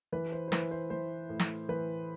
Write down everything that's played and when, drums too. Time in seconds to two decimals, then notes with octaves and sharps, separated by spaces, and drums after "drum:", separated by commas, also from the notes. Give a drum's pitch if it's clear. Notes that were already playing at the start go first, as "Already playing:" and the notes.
0.12 E3 B4
0.32 C5
0.48 C5
0.52 E3 B4, drum: snare
0.71 C5
0.90 E3 C5
1.29 A2
1.40 drum: snare
1.69 E3 B4